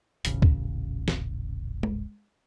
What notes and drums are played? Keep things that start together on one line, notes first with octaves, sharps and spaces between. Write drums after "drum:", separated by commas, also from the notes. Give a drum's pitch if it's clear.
D#1 A1 C#3, drum: hi-hat
drum: kick
drum: snare
drum: tom G#3